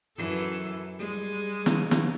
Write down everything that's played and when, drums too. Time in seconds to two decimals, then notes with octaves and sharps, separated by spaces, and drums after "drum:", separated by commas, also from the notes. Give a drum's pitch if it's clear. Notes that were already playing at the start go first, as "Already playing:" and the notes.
0.18 F#2 E3 A4
0.96 G3 G#3
1.66 drum: snare
1.91 drum: snare